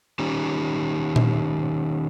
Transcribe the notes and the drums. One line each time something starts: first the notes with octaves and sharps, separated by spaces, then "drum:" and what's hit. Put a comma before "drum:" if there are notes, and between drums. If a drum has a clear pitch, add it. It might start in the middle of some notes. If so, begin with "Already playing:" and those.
D#3 C#4 D#4 G4
drum: tom A#2